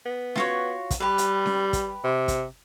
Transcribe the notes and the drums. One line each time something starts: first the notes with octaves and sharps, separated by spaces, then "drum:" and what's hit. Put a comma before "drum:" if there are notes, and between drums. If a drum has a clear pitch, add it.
B3
F4 F#4 C#5, drum: snare C#4
drum: kick, hi-hat
G3 G4 B4
drum: hi-hat
drum: snare C#4
drum: kick, hi-hat
C3
drum: kick, hi-hat